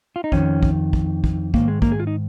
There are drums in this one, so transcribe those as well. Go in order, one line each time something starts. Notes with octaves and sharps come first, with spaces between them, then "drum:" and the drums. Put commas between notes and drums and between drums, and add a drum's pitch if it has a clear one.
F4
D#4
F2 D#3 C#4, drum: kick
drum: kick
drum: kick
drum: kick
G#2 D#3 A#3, drum: kick
G#3
A#3, drum: kick
G#4
F4
D#4